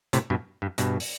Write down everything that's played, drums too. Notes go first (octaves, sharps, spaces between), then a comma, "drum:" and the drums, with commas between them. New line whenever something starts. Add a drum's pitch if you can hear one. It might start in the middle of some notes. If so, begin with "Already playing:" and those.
A2 C3, drum: hi-hat
G2 B2
G2
G2 B2, drum: hi-hat
drum: open hi-hat